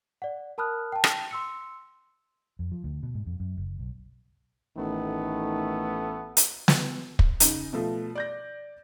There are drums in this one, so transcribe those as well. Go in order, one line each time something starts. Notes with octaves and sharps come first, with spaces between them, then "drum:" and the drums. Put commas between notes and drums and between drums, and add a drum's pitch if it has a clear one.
D5 F#5
A#4 A5 B5 D#6 F6 F#6
G5 A5
drum: rim click
C6 E6 C#7
F2
F3
D2
B2
G#2
F2
F#2
F#1
B1
A1 D#3 A3 B3
drum: hi-hat
drum: snare
drum: kick
C#3 D#4, drum: hi-hat
B2 F3 A3
D5 G6 A#6